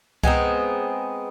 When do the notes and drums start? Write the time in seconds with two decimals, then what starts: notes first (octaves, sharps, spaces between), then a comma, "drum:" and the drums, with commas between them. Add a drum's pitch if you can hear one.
0.23 G#3 B3 C4 D#4, drum: kick C2